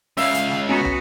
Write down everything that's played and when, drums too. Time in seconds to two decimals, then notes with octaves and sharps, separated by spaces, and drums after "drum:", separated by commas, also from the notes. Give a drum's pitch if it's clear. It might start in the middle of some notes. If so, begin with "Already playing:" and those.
0.17 C#2 C#3 E5 F5, drum: open hi-hat
0.34 drum: hi-hat
0.51 drum: snare
0.69 B3 C#4 F#4 G#5 A#5
0.85 drum: tom